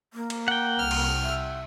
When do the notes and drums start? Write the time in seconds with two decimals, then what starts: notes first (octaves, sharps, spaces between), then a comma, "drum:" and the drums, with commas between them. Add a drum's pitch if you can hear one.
0.14 A#3
0.30 drum: cymbal
0.48 F#5 G5
0.79 C2 F6
0.91 drum: cymbal
1.23 E5